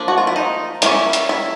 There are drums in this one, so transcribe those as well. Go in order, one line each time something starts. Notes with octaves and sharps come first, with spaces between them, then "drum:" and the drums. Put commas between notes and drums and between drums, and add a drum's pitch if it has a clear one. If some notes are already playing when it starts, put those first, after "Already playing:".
Already playing: F3 A#3 D4
F#4
F4
E4
D#4
G3 A#3 C#4 E4, drum: hi-hat
drum: hi-hat
E4